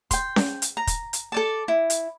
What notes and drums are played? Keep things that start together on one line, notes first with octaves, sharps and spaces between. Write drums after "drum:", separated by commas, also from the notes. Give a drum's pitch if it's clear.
G5 C6, drum: kick, hi-hat
drum: snare C#4
drum: hi-hat
A#5
drum: kick, hi-hat
drum: hi-hat
A4 D5 A5
E4
drum: hi-hat